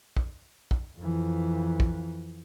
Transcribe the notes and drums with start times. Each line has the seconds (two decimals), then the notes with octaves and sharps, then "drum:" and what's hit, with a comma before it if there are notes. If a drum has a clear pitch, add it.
0.17 drum: kick
0.71 drum: kick
0.98 F2 E3
1.80 drum: kick